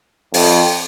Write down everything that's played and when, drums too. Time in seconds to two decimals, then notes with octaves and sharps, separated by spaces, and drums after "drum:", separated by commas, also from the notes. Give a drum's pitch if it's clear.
0.34 F2, drum: open hi-hat